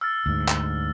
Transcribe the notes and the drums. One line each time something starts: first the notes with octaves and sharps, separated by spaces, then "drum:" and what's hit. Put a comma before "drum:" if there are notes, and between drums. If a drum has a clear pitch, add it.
E6 F6 A6
D2 G#2
drum: clap